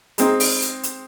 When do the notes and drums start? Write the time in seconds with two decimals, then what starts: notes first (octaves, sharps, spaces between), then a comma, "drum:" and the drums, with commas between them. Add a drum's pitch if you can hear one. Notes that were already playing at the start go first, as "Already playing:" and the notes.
0.18 G#3 C4 D#4, drum: hi-hat
0.40 drum: open hi-hat
0.62 drum: hi-hat
0.83 drum: hi-hat